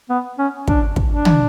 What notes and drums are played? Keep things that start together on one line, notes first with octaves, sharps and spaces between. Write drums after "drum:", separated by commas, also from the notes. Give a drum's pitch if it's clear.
B3
C#4
D4, drum: kick
drum: kick
D4
drum: tom